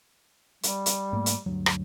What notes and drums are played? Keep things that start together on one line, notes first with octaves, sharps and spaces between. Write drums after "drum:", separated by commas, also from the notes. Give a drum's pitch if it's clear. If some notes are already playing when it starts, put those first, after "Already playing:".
G3, drum: hi-hat
drum: hi-hat
G#2 A3 A#3
drum: hi-hat
D2 G2 F#3
drum: rim click